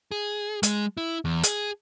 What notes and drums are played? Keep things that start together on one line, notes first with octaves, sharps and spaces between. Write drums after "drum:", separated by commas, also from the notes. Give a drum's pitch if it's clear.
G#4
G#3, drum: hi-hat
E4
E2
G#4, drum: hi-hat